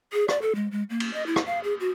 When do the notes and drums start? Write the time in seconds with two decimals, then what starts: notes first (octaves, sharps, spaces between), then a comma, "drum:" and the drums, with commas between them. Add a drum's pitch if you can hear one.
0.13 G#4
0.28 D5, drum: rim click
0.42 A4
0.55 G#3
0.72 G#3
0.90 A#3
1.00 drum: cymbal
1.14 D#5
1.26 E4
1.36 drum: rim click
1.46 F5
1.64 G#4
1.80 F#4